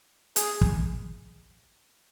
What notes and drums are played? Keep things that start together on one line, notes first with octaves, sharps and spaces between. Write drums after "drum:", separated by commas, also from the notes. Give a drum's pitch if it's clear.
G#4, drum: hi-hat
drum: kick